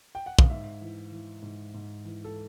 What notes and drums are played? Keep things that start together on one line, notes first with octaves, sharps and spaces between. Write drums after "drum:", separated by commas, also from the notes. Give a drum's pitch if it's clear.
G5
F#5
F5, drum: kick
G#2 E5
E3
E3
G#2
G#2
E3
A4